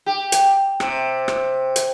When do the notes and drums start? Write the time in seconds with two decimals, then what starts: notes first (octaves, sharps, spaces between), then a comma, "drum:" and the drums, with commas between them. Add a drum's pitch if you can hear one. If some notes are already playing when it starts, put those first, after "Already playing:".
0.06 G4
0.32 drum: hi-hat
0.80 C3, drum: rim click
1.28 drum: rim click
1.76 drum: hi-hat